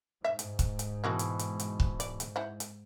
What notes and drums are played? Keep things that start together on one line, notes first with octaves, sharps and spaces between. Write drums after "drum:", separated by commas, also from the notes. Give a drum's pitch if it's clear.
G#2 E5
drum: hi-hat
drum: kick C#1, hi-hat
drum: hi-hat
B2 E3 A#3 F4 F#4
drum: hi-hat
drum: hi-hat
drum: hi-hat
drum: kick C#1
D5, drum: hi-hat
drum: hi-hat
E4 C5 F#5
drum: hi-hat